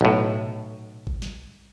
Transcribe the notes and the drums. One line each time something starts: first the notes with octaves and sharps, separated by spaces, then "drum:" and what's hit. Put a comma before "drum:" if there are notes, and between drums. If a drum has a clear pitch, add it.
B1 A2
drum: tom A#2
drum: kick G#1
drum: snare